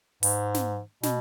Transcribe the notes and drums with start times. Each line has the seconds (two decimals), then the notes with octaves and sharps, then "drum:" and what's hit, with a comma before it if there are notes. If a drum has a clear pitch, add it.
0.23 G#2, drum: open hi-hat
0.54 drum: snare
1.03 B2, drum: snare